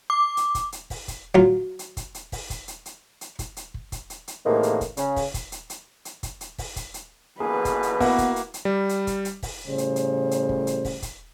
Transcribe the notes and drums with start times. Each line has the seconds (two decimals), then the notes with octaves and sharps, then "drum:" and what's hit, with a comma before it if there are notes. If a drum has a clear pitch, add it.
0.10 D6
0.37 drum: hi-hat
0.55 drum: kick, hi-hat
0.72 drum: hi-hat
0.90 drum: kick, open hi-hat
1.08 drum: kick, hi-hat
1.35 F#3 F4
1.79 drum: hi-hat
1.97 drum: kick, hi-hat
2.14 drum: hi-hat
2.32 drum: kick, open hi-hat
2.50 drum: kick, hi-hat
2.68 drum: hi-hat
2.86 drum: hi-hat
3.21 drum: hi-hat
3.39 drum: kick, hi-hat
3.57 drum: hi-hat
3.74 drum: kick
3.92 drum: kick, hi-hat
4.10 drum: hi-hat
4.28 drum: hi-hat
4.45 A2 C3 D#3 E3 G#3 A#3
4.63 drum: hi-hat
4.81 drum: kick, hi-hat
4.97 C#3, drum: hi-hat
5.16 drum: kick, open hi-hat
5.34 drum: kick, hi-hat
5.52 drum: hi-hat
5.70 drum: hi-hat
6.05 drum: hi-hat
6.23 drum: kick, hi-hat
6.41 drum: hi-hat
6.58 drum: kick, open hi-hat
6.76 drum: kick, hi-hat
6.94 drum: hi-hat
7.40 A1 E2 B2 A#3 G#4 B4
7.65 drum: kick, hi-hat
7.83 drum: hi-hat
8.00 A#3 B3 E4 F#4, drum: kick, open hi-hat
8.18 drum: kick, hi-hat
8.36 drum: hi-hat
8.54 drum: hi-hat
8.65 G3
8.89 drum: hi-hat
9.07 drum: kick, hi-hat
9.25 drum: hi-hat
9.43 drum: kick, open hi-hat
9.66 A2 C#3 G3 C5
9.78 drum: hi-hat
9.96 drum: hi-hat
10.31 drum: hi-hat
10.49 drum: kick
10.67 drum: hi-hat
10.85 drum: kick, open hi-hat
11.02 drum: kick, hi-hat